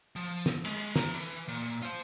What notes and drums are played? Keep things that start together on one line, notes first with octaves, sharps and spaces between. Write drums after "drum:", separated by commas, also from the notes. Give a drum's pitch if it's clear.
F3
drum: snare
G#3, drum: cymbal
A4 A#5, drum: snare
E3
A#2
F4 C5